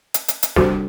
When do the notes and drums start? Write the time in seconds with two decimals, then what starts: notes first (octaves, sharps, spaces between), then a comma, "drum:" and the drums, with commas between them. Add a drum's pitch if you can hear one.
0.14 drum: hi-hat
0.28 drum: hi-hat
0.43 drum: hi-hat
0.56 C3 G3 D4 F#4 A4, drum: snare